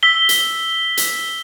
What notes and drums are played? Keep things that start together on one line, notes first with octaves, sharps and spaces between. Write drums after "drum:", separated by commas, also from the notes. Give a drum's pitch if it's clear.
E6 B6 G7
drum: hi-hat
drum: hi-hat